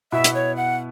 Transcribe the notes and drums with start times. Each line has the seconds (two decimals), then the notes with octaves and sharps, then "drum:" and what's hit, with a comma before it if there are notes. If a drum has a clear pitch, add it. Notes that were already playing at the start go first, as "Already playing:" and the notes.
0.12 B2 B3 E4 E5
0.24 drum: hi-hat
0.34 C#5
0.56 F#5